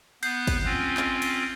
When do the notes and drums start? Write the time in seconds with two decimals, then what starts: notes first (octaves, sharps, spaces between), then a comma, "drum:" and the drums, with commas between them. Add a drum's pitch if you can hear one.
0.23 B3 F#6 G6 C7, drum: cymbal
0.47 drum: kick, cymbal
0.64 C4 C#4 F4
0.97 drum: clap
1.22 drum: cymbal